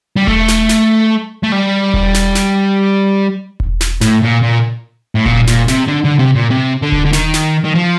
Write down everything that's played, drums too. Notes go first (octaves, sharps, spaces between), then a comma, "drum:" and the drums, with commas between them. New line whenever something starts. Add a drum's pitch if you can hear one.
G3
A3, drum: kick E1
drum: snare
drum: snare
A3
G3
drum: kick E1
drum: snare
drum: snare
drum: kick E1
drum: snare
A2, drum: snare
A#2
A#2
A2
A#2, drum: kick E1
A#2, drum: snare
C3, drum: snare
D3
D3
C3
A#2
C3
D3
drum: kick E1
D3
D#3, drum: snare
drum: snare
D#3
F3